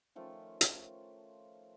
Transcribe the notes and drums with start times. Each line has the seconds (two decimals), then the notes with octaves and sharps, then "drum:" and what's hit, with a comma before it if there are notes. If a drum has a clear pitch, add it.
0.15 D#3 F3 A3 C#4
0.61 drum: hi-hat